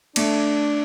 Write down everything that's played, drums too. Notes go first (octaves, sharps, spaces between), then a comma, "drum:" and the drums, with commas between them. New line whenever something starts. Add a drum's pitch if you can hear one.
A3 D4, drum: cymbal